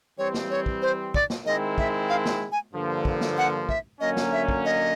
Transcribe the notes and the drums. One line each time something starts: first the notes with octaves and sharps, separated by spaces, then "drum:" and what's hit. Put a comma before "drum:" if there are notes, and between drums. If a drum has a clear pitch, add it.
E3 G3 C4 C#5
drum: snare
C#5
drum: kick
C5
D5, drum: kick
drum: snare
D#3 G#3 C4 E4 D#5
E5, drum: kick
F5
drum: snare
G#5
G2 D3 F3 A#3
drum: kick
drum: snare
F#5
E5, drum: kick
D3 F#3 A#3 C#4 D#5
drum: snare
E5
drum: kick
D#5